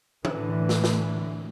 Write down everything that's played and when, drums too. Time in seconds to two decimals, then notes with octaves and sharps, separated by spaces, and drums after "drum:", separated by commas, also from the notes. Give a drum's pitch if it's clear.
0.25 A2 D3 E3, drum: tom E3
0.69 drum: snare
0.84 drum: snare